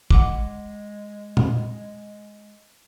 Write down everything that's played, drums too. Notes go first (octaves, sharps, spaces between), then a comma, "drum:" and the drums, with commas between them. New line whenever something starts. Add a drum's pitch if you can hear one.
G#3 F#5 D6, drum: kick
drum: tom A#2